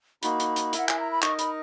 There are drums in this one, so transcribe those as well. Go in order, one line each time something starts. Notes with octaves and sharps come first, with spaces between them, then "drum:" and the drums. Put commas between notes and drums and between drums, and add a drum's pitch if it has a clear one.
A#3 D#4 F#4 B5, drum: hi-hat
drum: hi-hat
drum: hi-hat
E4 A#4 E5 F#5, drum: hi-hat
G#5, drum: clap
A#5
B5
D#4 A#4 D#5 C#6, drum: clap
B5, drum: hi-hat